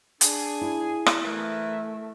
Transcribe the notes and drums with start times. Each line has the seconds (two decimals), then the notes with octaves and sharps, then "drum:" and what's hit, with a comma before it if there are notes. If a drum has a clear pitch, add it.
0.21 D4 G#4, drum: hi-hat
0.61 E4
1.06 drum: rim click
1.24 E3 A3 A#4 E5